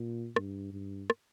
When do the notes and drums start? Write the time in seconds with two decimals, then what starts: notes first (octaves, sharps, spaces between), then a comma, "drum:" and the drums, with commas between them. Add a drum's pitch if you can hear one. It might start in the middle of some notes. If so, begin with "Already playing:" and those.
Already playing: A#2
0.36 G2, drum: rim click
0.73 G2
1.10 drum: rim click